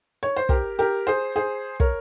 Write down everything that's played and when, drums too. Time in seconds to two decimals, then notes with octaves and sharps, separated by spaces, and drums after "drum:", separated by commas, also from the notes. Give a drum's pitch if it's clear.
0.23 C#5
0.37 C5
0.49 G4 A#4, drum: kick
0.79 G4 A#4
1.07 G#4 C5
1.36 G#4 C5
1.80 A#4 C#5, drum: kick